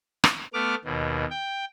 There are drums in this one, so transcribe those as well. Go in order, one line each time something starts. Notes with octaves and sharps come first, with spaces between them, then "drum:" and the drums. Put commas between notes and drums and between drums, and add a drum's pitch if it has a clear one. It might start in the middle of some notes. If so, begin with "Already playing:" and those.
drum: rim click
A3 B3 D6 F6
D#2 B2
G5